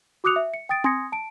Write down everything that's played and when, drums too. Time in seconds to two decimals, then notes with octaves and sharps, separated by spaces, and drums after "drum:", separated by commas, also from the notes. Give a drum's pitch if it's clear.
0.24 F#4 D6 D#6 F#6 C#7 F7
0.36 E5
0.54 C#7
0.69 G5 D#6 A6 D7
0.84 G#5 C6 D#6 G#6 A#6 C#7, drum: tom C4
1.12 A5 D7